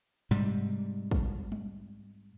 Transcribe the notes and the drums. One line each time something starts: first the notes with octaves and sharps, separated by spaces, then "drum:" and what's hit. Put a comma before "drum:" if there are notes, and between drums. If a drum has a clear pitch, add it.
G#2 C3 G3
drum: kick
drum: tom G3